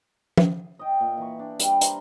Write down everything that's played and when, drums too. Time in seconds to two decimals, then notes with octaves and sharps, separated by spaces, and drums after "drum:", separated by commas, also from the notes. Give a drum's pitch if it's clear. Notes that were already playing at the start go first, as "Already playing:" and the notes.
0.37 drum: tom F3
0.79 D#5 G5
1.00 A#2
1.17 E3 C#6
1.39 D4
1.60 G3 B5, drum: hi-hat
1.81 C5 A#5, drum: hi-hat